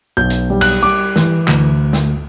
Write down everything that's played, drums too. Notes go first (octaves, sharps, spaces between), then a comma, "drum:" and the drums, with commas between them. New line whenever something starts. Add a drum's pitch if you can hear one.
B1 G6
drum: hi-hat
G3
F#6, drum: cymbal
G3 D6
E3, drum: snare
D2, drum: clap
drum: snare